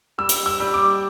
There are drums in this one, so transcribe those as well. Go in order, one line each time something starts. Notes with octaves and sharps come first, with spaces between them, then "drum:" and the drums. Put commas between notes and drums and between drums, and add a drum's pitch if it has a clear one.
G3 E6
drum: hi-hat
E6
G3
D6